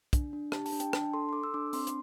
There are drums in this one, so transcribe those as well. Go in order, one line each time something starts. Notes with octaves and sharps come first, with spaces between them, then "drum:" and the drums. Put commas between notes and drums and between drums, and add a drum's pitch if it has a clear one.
D4, drum: kick, hi-hat
D4
G4 A5, drum: rim click
A5, drum: open hi-hat
D4
G5, drum: hi-hat
D4 A5, drum: rim click
A4 C6
C6
A4 D6
E6
D4 D6
C4 C6, drum: open hi-hat
drum: hi-hat